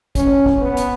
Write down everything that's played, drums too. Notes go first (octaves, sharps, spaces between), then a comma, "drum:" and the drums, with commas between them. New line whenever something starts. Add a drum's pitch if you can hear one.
C#4, drum: kick, hi-hat
drum: kick
B3
drum: hi-hat